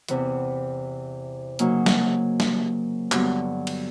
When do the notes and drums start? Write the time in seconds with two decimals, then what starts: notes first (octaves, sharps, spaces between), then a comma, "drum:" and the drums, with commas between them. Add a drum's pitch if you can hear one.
0.08 E2 C3 E3, drum: hi-hat
1.59 C#3 F#3 A#3 D#4, drum: hi-hat
1.86 drum: snare
2.40 drum: snare
3.12 G2 D3 F#3 B3, drum: clap
3.67 drum: cymbal